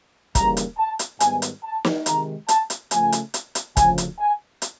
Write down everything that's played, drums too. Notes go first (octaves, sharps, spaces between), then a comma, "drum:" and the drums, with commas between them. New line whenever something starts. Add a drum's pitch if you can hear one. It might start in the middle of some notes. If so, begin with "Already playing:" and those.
D#2 C#3 E3 G3 A#3 A#5, drum: kick, hi-hat
drum: hi-hat
A5
drum: hi-hat
G#2 D#3 G3 B3 G#5, drum: hi-hat
drum: hi-hat
A5
drum: snare
C3 D#3 G#3 A#5, drum: hi-hat
A5, drum: hi-hat
drum: hi-hat
C#3 F3 A3 G#5, drum: hi-hat
drum: hi-hat
drum: hi-hat
drum: hi-hat
D2 C#3 F3 G#5, drum: kick, hi-hat
drum: hi-hat
G#5
drum: hi-hat